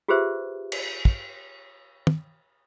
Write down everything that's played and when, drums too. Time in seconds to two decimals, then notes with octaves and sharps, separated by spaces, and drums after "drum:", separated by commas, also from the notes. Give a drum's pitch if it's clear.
0.08 F4 G4 G#4 B4 C5 E5
0.72 drum: cymbal
1.05 drum: kick
2.07 drum: tom